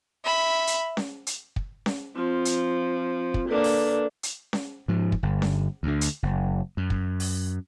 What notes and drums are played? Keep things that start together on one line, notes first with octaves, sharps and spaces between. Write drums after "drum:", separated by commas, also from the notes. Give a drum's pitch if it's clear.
E5 B5
drum: hi-hat
drum: snare C#4
drum: hi-hat
drum: kick
drum: snare C#4
F3 C4 F4
drum: hi-hat
drum: kick
A#3 D4 A4 B4 D5
drum: open hi-hat
drum: hi-hat
drum: snare C#4
G#2 F3
drum: kick
G1
drum: snare C#4
D2 D3
drum: hi-hat
F#1
F#2
drum: kick
drum: open hi-hat